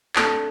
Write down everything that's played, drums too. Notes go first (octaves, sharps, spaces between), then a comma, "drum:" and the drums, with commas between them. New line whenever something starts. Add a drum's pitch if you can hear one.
C3 A3 D4 A4 A5, drum: clap